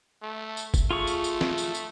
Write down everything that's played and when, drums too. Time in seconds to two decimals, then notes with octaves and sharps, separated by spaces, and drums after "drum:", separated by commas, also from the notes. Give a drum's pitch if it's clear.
0.22 A3
0.57 drum: tambourine
0.74 drum: kick, tambourine
0.91 A3 F4 G#4 C#6
1.07 drum: tambourine
1.24 drum: tambourine
1.41 drum: snare
1.58 drum: tambourine
1.75 drum: tambourine